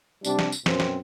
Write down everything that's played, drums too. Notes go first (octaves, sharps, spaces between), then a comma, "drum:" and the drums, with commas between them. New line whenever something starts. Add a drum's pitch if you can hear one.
C3 G3 D4, drum: tambourine
drum: snare
drum: tambourine
F#2 B2 C4, drum: snare
drum: snare